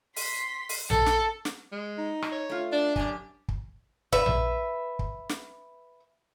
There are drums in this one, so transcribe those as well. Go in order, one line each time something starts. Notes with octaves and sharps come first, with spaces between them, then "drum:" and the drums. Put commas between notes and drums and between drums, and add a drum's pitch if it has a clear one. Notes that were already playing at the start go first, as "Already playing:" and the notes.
C6 B6, drum: open hi-hat
drum: open hi-hat
A4, drum: tom A#1
drum: snare
drum: snare
G#3
D#4
drum: rim click
C#5
A3 F4
D4 D5
F#2 G4 D5 G#5, drum: kick
drum: kick
B4 E5, drum: kick
drum: tom A#1
drum: kick
drum: snare